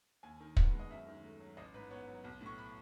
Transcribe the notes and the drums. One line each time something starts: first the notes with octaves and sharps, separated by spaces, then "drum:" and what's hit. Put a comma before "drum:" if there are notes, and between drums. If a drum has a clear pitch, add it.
D#2 G#5
D#3
B3, drum: kick
G#3
D#5
F#2 E5
D#3
A3
F#3
A1 D#5
G#2 B4
B3 C#5
F#3
B1
A2
C#6
B5